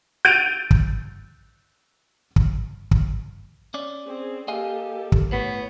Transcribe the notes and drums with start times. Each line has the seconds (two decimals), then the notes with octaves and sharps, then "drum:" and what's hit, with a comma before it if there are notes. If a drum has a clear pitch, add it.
0.25 G6 A6 D7 D#7 F7
0.71 drum: kick
2.36 drum: kick
2.91 drum: kick
3.74 C#4 D5
4.06 C4 G#4
4.48 A#3 G4 A4 D#5 F5 G#5
5.12 drum: kick
5.32 A2 B3 C#5